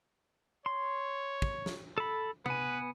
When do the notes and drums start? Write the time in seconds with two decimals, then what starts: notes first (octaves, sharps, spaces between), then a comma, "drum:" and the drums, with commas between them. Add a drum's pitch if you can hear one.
0.66 C#5 C6
1.42 drum: kick
1.66 drum: snare
1.98 A4 B5
2.46 B3 B4 G#5, drum: tom C3